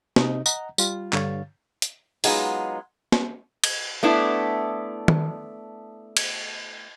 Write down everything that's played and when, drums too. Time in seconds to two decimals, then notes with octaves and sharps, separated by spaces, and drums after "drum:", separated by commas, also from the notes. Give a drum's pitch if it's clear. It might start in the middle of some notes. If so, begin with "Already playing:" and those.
0.16 C3 D#4 D#5, drum: snare
0.46 D#5 F#5 A#5, drum: tambourine
0.78 G3 F4, drum: tambourine
1.13 G2 D3 C#5 F5 A6, drum: clap
1.82 drum: hi-hat
2.24 F#3 G#3 B3 D#4 F4, drum: open hi-hat
3.12 drum: snare
3.64 drum: cymbal
4.03 A3 B3 D4 E4
5.08 drum: tom D#3
6.17 drum: cymbal